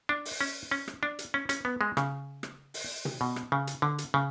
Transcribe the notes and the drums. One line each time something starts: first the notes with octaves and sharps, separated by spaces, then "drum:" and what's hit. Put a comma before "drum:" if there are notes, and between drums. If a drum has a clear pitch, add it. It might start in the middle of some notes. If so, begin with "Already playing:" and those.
D4
drum: open hi-hat
C#4
C#4
drum: rim click
D4
drum: hi-hat
C#4
C#4, drum: hi-hat
B3
G#3
C#3, drum: rim click
drum: rim click
drum: open hi-hat
drum: tom
B2
drum: rim click
C#3
drum: hi-hat
D3
drum: hi-hat
C#3